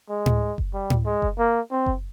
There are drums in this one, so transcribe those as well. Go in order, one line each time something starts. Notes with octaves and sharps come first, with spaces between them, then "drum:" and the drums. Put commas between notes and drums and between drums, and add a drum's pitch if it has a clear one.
G#3
drum: tom A2
drum: kick F#1
G3
drum: tom A2
G#3
drum: kick F#1
A#3
C4
drum: kick F#1